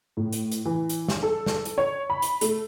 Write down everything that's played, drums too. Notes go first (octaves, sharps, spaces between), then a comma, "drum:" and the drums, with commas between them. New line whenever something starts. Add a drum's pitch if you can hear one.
A2
drum: hi-hat
drum: hi-hat
E3
drum: hi-hat
drum: snare
A4
drum: snare
drum: hi-hat
C#5
B5
drum: hi-hat
A3, drum: hi-hat